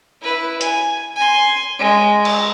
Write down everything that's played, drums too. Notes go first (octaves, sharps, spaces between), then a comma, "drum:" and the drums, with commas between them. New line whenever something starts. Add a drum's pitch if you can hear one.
E4 B4
G#5, drum: hi-hat
G#5 C6
G#3
drum: cymbal